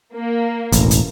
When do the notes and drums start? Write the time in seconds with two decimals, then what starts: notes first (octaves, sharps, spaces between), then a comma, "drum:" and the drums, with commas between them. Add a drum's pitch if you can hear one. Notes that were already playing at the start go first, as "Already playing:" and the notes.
0.14 A#3
0.72 E1 A1, drum: kick, hi-hat
0.91 drum: hi-hat